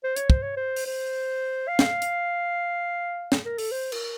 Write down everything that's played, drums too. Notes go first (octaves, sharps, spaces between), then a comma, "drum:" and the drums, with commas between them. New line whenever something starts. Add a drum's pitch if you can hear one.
C5
C#5, drum: hi-hat
C5, drum: kick
C#5
C5
drum: open hi-hat
C5
F5
drum: snare
drum: hi-hat
drum: snare
A#4
A4, drum: open hi-hat
C5
A#4, drum: cymbal